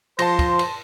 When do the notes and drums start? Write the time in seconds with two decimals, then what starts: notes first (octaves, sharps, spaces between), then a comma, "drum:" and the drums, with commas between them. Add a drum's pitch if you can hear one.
0.19 F3 C5 A5 C6 A#6, drum: cymbal
0.39 drum: kick, cymbal
0.59 drum: cymbal